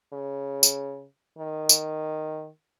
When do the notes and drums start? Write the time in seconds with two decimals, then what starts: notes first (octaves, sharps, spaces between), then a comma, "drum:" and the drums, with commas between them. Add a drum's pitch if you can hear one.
0.13 C#3
0.63 drum: tambourine
1.38 D#3
1.69 drum: tambourine